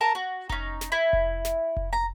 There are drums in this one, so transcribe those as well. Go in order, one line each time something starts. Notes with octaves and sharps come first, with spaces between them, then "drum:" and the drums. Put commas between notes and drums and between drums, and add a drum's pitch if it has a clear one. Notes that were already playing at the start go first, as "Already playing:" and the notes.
A#4 A5 A#5
F#4
C#4 D#4, drum: kick F1
drum: snare
E4
drum: kick F1
drum: snare
drum: kick F1
A#5